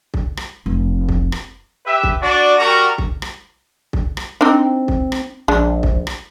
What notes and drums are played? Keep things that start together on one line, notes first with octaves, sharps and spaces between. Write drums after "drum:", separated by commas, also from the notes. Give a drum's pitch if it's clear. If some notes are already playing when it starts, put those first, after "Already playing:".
drum: kick
drum: rim click
F1
drum: kick
drum: rim click
G4 B4 E5
drum: kick
D4 F#4 D5
G3 F#4 A#4 A#5 C#6
drum: kick
drum: rim click
drum: kick
drum: rim click
C4 D4 D#4
drum: kick
drum: rim click
A#1 G#3 D4
drum: kick
drum: rim click